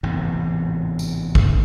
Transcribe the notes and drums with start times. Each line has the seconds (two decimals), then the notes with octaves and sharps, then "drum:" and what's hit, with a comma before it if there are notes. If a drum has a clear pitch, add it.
0.03 A1 E2 G#2 C3
0.99 drum: tambourine
1.35 drum: kick A1